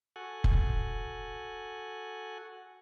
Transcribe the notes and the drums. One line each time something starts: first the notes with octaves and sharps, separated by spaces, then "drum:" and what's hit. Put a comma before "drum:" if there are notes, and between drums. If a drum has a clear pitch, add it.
F#4 A4 F#5 G#5
drum: kick F1